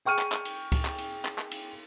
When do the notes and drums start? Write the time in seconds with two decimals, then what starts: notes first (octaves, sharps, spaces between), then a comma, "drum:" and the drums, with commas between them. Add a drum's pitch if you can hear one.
0.05 G#4 G5 C#6 F6 D#7
0.19 drum: clap
0.32 drum: clap
0.45 drum: cymbal
0.72 drum: kick C#2, cymbal
0.85 drum: clap
0.98 drum: cymbal
1.25 drum: clap
1.38 drum: clap
1.52 drum: cymbal